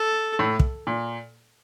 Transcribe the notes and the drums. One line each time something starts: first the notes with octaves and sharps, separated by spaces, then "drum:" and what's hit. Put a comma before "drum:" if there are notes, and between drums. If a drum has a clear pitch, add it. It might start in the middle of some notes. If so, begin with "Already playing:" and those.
Already playing: A4
A2
drum: kick
A#2